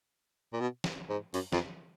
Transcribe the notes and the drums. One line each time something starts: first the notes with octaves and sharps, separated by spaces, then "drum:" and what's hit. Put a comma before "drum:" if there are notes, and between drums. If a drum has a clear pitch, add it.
A#2
B2
drum: snare
G#2
F#2, drum: open hi-hat
F2, drum: snare